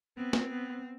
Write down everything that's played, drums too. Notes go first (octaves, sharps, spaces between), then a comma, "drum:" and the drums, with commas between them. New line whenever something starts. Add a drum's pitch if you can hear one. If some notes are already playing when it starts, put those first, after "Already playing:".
B3 C4
drum: snare
B3